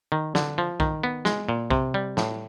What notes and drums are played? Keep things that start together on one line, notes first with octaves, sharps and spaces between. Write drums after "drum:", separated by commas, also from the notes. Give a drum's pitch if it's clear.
D#3
D3, drum: snare
F3
D#3, drum: kick B1
B3
G#3, drum: snare
A#2
C3, drum: kick B1
G3
A2, drum: snare